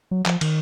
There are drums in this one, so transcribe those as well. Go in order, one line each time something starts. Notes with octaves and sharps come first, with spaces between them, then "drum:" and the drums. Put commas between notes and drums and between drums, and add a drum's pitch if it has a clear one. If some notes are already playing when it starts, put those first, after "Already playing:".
F#3
F3, drum: clap
D#3, drum: cymbal